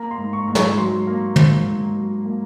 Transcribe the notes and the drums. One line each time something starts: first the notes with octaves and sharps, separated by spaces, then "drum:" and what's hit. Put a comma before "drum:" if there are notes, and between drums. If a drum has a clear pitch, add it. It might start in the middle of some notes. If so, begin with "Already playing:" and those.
Already playing: A#3 A#5
C6
G#2
C#6
G#2
C#6, drum: snare
F#3 C6
A#3
G#2, drum: tom
G#2
F#3
A#3